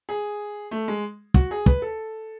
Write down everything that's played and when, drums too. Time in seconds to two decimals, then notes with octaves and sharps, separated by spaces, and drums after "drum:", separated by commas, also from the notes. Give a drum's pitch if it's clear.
0.09 G#4
0.71 A3
0.88 G#3
1.34 F#4, drum: kick
1.51 G#4
1.66 B4, drum: kick
1.82 A4